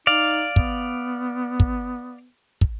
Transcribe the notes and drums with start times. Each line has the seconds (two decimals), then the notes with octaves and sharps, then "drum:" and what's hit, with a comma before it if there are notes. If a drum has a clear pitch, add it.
0.07 D#4 D5 F5
0.56 B3, drum: kick
1.60 drum: kick
2.61 drum: kick